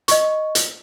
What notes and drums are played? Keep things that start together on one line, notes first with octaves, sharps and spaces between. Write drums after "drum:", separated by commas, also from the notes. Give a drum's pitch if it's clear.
D#5 C#6, drum: hi-hat
drum: hi-hat